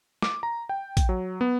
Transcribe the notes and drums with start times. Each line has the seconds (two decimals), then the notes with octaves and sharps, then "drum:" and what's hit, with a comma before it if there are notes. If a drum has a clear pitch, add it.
0.22 D6, drum: snare
0.43 A#5
0.69 G5
0.97 drum: kick, hi-hat
1.09 F#3
1.41 B3